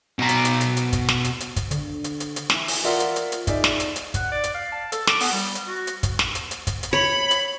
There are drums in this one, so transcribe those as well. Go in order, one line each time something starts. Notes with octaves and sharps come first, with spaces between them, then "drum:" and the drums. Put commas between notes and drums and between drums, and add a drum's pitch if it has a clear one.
B2 A#5
drum: hi-hat
drum: hi-hat
drum: hi-hat
drum: hi-hat
drum: kick, hi-hat
drum: snare
drum: hi-hat
drum: hi-hat
drum: kick, hi-hat
D3, drum: hi-hat
drum: hi-hat
drum: hi-hat
drum: hi-hat
E3 E4, drum: snare
drum: open hi-hat
F4 A#4 D5 E5 F#5 C6
drum: hi-hat
drum: hi-hat
drum: hi-hat
D#4 G#4 D5 E5, drum: kick, hi-hat
drum: snare
drum: hi-hat
drum: hi-hat
F#5, drum: kick, hi-hat
D5
drum: hi-hat
F5
A5
A4, drum: hi-hat
D6, drum: snare
B3, drum: open hi-hat
G3
drum: hi-hat
F#4
drum: hi-hat
drum: kick, hi-hat
drum: snare
drum: hi-hat
drum: hi-hat
drum: kick, hi-hat
drum: hi-hat
C#5 B5
drum: hi-hat